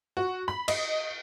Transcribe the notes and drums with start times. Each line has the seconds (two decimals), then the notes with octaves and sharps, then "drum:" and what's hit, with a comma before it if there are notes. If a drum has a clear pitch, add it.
0.17 F#4
0.48 B5
0.68 D#5, drum: cymbal